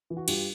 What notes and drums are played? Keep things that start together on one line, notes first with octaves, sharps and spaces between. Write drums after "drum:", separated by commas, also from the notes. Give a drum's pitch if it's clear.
E3
F#4
G2 F4 G4, drum: cymbal